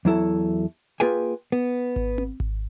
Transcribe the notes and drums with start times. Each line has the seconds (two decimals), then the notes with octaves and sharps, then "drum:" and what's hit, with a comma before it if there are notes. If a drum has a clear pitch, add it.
0.05 E2 F#3 E4 A4
1.00 A#3 F4 G#4 B4 G5 G#5
1.52 B3
1.96 drum: kick G#1
2.18 drum: tom C4
2.40 drum: kick G#1